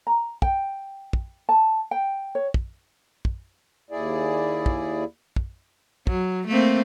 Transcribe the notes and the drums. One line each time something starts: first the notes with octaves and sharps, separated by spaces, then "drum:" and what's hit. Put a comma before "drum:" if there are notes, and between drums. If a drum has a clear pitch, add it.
A#5
G5, drum: kick
drum: kick
A5
G5
C#5
drum: kick
drum: kick
D#2 E4 G#4 D5
drum: kick
drum: kick
F#3, drum: kick
A3 A#3 C4